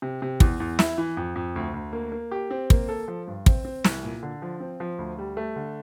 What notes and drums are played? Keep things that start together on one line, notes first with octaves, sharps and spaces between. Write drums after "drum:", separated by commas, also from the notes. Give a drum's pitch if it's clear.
C3
C3
E2, drum: kick
E2
E4, drum: snare
E3
F2
F2
D2
D2
A#3
A#3
G4
C4
A#3, drum: kick
A4
F3
G2
C4, drum: kick
C4
C2, drum: snare
A#2
D3
F3
C4
F3
D2
G3
A3
D3